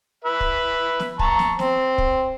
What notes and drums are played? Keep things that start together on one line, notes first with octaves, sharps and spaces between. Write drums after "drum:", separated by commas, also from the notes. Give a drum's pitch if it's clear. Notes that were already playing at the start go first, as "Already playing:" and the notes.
B4 E5
drum: kick
drum: snare
A5 A#5 C#6, drum: kick
drum: snare
C4, drum: snare
drum: kick